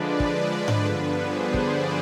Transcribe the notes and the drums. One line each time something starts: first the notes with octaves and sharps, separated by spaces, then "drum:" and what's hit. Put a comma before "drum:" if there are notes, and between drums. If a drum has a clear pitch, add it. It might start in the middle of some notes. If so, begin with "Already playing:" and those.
Already playing: D3 F3 G#3 D4 B4 D5
drum: kick
B4 D5
drum: tom G#2
G2 D3 F3 B3 D4 B4
G#4 C5
B4 D5, drum: kick